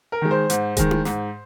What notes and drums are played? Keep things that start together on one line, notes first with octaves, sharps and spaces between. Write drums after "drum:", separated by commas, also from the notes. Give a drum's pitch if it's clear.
A#4
D#3 G#3
C5
G#2, drum: hi-hat
D#3 G#3, drum: kick D#1, hi-hat
drum: tom E4
G#2, drum: snare